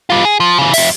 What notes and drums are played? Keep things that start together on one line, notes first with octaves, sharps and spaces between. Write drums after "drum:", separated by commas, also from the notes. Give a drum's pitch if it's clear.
G3 F4
G#4
F3
C#3 E3
F2 E5, drum: open hi-hat